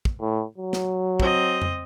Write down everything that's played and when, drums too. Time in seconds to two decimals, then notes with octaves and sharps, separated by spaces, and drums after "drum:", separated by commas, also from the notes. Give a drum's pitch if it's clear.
0.05 drum: kick
0.20 A2
0.58 F#3
0.73 drum: snare
1.20 C4 D#5, drum: kick
1.62 drum: tom F2